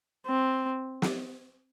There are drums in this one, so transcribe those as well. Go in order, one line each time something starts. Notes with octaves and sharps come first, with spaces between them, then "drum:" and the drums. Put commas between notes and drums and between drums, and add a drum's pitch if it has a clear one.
C4
drum: snare